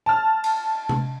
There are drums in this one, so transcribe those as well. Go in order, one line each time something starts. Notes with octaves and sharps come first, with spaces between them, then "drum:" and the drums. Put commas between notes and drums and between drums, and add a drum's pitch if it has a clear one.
A5 F6
drum: cymbal
drum: tom C3